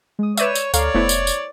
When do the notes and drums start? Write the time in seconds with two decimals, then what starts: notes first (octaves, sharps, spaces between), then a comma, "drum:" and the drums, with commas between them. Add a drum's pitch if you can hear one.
0.19 G#3 D#6
0.37 B4 C#5 D5 E5 G6 D#7 E7, drum: tambourine
0.55 drum: tambourine
0.74 D2 A4 C#5 D5 F5 A#5 F6, drum: tambourine
0.95 F1 A3 B3 E4 C5
1.09 drum: tambourine
1.27 drum: tambourine